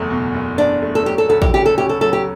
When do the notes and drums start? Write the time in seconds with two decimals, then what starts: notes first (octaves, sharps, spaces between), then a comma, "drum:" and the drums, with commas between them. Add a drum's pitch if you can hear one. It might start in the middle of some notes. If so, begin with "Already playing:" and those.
Already playing: F#1 E2 A3
0.10 B2
0.34 F#1
0.58 E2 D4
0.82 A3
0.95 A4
1.06 F#3 G4
1.18 A4
1.29 D2 A4
1.42 G4, drum: kick A1
1.54 C#3 G4
1.66 A4
1.77 C#4 G4
1.89 A4
2.01 F#3 A4
2.13 G4